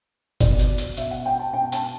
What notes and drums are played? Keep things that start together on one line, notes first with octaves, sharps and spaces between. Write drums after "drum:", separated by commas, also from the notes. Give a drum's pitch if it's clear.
B2 D5, drum: kick G1, hi-hat
drum: hi-hat
drum: hi-hat
B2 E5, drum: hi-hat
F#5
G5
A5
B2 G5
A5, drum: hi-hat